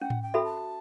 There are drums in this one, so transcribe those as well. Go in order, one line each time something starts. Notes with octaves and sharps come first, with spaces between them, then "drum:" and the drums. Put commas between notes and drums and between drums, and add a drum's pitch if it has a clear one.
C#4 F#5
drum: tom A2
G5
F#4 A4 E5 B5
A5